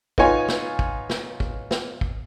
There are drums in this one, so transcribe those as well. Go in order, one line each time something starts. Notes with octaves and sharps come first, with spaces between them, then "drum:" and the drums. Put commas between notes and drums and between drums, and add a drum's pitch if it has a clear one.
B3 D#4 F4 C#5 G#5, drum: kick
drum: snare
drum: kick
drum: snare
drum: kick
drum: snare
drum: kick